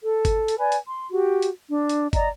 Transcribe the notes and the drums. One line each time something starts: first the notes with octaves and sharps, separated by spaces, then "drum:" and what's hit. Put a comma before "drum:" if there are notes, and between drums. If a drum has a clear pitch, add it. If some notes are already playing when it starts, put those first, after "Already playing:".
A4
drum: kick G1, hi-hat
drum: hi-hat
B4 D5 G#5
drum: hi-hat
C6
F#4 G4
drum: hi-hat
D4
drum: hi-hat
D5 D#5 A#5, drum: kick G1, hi-hat